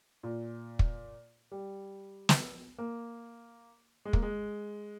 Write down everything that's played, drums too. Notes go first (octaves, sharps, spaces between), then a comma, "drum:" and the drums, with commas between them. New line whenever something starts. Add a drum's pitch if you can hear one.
A#2
drum: kick
G3
drum: snare
A#3
G#3
A#3, drum: kick
G#3